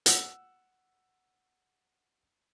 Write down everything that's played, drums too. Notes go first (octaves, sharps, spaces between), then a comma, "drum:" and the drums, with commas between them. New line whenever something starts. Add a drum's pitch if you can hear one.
F#5 E6, drum: hi-hat